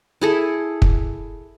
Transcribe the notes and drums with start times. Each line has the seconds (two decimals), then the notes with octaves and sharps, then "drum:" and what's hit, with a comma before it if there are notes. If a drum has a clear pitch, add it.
0.21 E4 G#4 A4
0.82 drum: kick